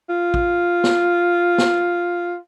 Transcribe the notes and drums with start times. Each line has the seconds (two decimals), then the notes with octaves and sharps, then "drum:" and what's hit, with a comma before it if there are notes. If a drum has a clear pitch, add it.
0.09 F4
0.34 drum: kick A1
0.84 drum: snare
1.58 drum: snare